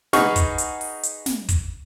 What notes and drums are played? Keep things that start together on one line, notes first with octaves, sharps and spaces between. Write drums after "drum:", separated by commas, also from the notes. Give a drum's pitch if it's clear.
D#4 F#4 G#4 B4 C#6 F6, drum: snare
drum: kick, hi-hat
drum: hi-hat
drum: open hi-hat
drum: hi-hat
drum: snare
drum: kick, hi-hat